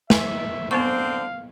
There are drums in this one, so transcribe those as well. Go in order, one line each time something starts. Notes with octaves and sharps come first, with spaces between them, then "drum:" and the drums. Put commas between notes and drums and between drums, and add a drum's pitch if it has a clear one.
E5 G#5, drum: snare
D3 B3 C4 C5 F5 C#6